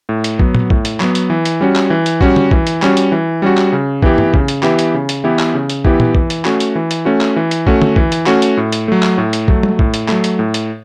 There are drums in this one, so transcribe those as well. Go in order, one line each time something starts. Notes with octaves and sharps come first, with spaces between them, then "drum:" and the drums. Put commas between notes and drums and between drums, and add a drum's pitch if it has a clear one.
A2
drum: hi-hat
F#3 B3, drum: kick
drum: tom
A2, drum: kick
drum: hi-hat
F#3 B3, drum: clap
drum: hi-hat
E3
drum: hi-hat
G3 C#4 F#4
drum: clap
E3
drum: hi-hat
G3 C#4 F#4, drum: kick
drum: tom
E3, drum: kick
drum: hi-hat
G3 C#4 F#4, drum: clap
drum: hi-hat
E3
G3 C#4 F#4
drum: clap
C#3
E3 B3 E4 G4, drum: kick
drum: tom
C#3, drum: kick
drum: hi-hat
E3 B3 E4 G4, drum: clap
drum: hi-hat
C#3
drum: hi-hat
E3 B3 E4 G4
drum: clap
C#3
drum: hi-hat
E3 B3 E4 G4, drum: kick
drum: tom
E3, drum: kick
drum: hi-hat
A3 C#4 F#4, drum: clap
drum: hi-hat
E3
drum: hi-hat
A3 C#4 F#4
drum: clap
E3
drum: hi-hat
A3 C#4 F#4, drum: kick
drum: tom
E3, drum: kick
drum: hi-hat
A3 C#4 F#4, drum: clap
drum: hi-hat
A2
drum: hi-hat
F#3 A3
drum: clap
A2
drum: hi-hat
F#3 A3, drum: kick
drum: tom
A2, drum: kick
drum: hi-hat
F#3 A3, drum: clap
drum: hi-hat
A2
drum: hi-hat